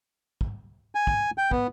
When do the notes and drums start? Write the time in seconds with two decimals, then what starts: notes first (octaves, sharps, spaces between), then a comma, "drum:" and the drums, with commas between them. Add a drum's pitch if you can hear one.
0.41 drum: kick
0.95 G#5
1.07 drum: kick
1.38 G5
1.51 B3, drum: kick